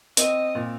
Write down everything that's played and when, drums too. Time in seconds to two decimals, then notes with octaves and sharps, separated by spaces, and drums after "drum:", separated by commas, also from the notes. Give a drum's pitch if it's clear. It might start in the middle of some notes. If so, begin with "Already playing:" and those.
0.17 C4 D#5, drum: hi-hat
0.55 A#2